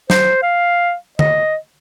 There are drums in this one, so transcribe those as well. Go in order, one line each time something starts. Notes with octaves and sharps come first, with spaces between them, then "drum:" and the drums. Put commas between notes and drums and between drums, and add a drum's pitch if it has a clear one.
C5, drum: snare
F5
D#5, drum: tom D3